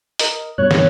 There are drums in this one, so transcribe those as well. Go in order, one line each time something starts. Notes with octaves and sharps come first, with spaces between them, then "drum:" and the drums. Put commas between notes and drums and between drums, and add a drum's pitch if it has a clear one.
A#4 D#5, drum: hi-hat
G2 B2 C#5 F#6
drum: snare